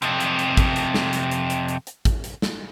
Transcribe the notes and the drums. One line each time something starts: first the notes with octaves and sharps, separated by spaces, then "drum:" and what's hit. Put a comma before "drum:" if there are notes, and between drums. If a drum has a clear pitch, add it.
F2 C3, drum: hi-hat
drum: hi-hat
drum: hi-hat
drum: kick, hi-hat
drum: hi-hat
drum: snare
drum: hi-hat
drum: hi-hat
drum: hi-hat
drum: hi-hat
drum: hi-hat
drum: kick, hi-hat
drum: hi-hat
drum: snare